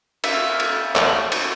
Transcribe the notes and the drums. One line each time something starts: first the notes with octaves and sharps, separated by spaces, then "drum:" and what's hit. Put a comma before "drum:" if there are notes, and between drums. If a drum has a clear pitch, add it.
E5 F5, drum: cymbal
drum: cymbal
drum: clap
drum: cymbal